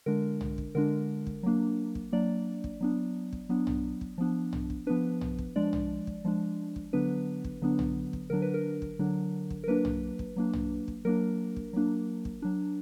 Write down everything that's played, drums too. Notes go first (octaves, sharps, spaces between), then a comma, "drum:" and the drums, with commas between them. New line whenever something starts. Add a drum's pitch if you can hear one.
D3 G#3 D4 A#4
drum: tom
drum: kick
D3 G#3 D4 A#4
drum: kick
F#3 A#3 D4
drum: kick
F#3 A#3 D4 D5
drum: kick
F#3 B3 D4
drum: kick
F#3 B3 D4
drum: tom
drum: kick
F3 B3 D4
drum: tom
drum: kick
F3 B3 D4 B4
drum: tom
drum: kick
F3 G#3 D4 D5
drum: tom
drum: kick
F3 G#3 D4
drum: kick
D3 F#3 B3 D4 B4
drum: kick
D3 F#3 B3 D4
drum: tom
drum: kick
D3 F#3 D4 A#4
B4
A#4
drum: kick
D3 F#3 D4
drum: kick
A#4
F#3 A#3 D4 B4
drum: tom
drum: kick
F#3 A#3 D4
drum: tom
drum: kick
F#3 A#3 D4 A#4
drum: kick
F#3 A#3 D4
drum: kick
F#3 D4